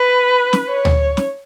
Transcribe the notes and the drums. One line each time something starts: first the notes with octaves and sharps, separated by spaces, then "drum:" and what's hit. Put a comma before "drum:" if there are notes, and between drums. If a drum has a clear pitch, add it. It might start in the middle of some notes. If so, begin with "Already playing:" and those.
Already playing: B4
drum: snare
C#5
drum: tom D2
drum: snare